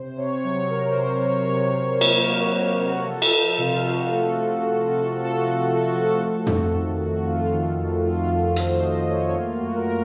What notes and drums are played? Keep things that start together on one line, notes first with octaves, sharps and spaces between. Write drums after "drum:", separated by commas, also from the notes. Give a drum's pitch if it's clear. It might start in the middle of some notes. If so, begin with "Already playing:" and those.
Already playing: C3 C5
C3 C#5
F#3 C#5
C3 A#4
C5
C3
C#5
C3
C#5
C3 C#5
C#5
C3
C5
A#3, drum: cymbal
A#4
A#3 F#4
A#3
C3
F#4
F3 A4
drum: cymbal
F3 A4
C3 F4
C3 F#4
A4
A3 F#4
A4
A3 F#4
A4
A3 F#4
A4
C3 F#4
A4
F3 F#4
A4
A3 F#4
A4
F#4
A3
A4
F#4
F3
A4
F#4
A3
A4
F#4
F2, drum: tom
D#3
A3 F#4
F2 F4
D#3
F2
F2 F4
F2 F4
F2 C5, drum: hi-hat
F2 D#5
A3 C#5
A#3 F4
F#4
F#2
A#4